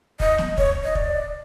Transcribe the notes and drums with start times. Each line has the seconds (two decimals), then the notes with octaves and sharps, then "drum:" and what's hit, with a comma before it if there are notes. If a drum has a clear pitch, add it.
0.20 D#5, drum: kick
0.38 drum: snare
0.58 C#5, drum: kick
0.84 D#5
0.95 D5, drum: kick